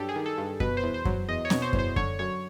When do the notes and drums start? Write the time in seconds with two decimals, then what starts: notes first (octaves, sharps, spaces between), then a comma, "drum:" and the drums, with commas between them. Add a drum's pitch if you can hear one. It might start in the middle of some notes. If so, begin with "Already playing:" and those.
Already playing: G2 F#3 G4 A4
0.09 G#4
0.15 D#3
0.26 A4
0.38 G2
0.60 B2 B4, drum: kick F#2
0.77 C5
0.83 E2
0.94 C5
1.05 F#3, drum: kick F#2
1.28 E2 D#5
1.45 C#5
1.50 B2, drum: snare C4
1.62 C5
1.73 E2, drum: kick F#2
1.79 C5
1.96 D3 C#5, drum: kick F#2
2.19 F#2 C#5